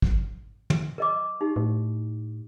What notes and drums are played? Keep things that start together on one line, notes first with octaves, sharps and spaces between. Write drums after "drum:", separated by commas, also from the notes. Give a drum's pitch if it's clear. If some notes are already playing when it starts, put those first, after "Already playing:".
drum: kick
drum: tom
A#4 D#5 D6
D#4 G4
A2